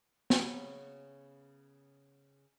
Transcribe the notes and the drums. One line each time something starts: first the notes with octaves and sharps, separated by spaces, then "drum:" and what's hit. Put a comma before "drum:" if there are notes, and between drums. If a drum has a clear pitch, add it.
C#3 B3 C#4 A#5, drum: snare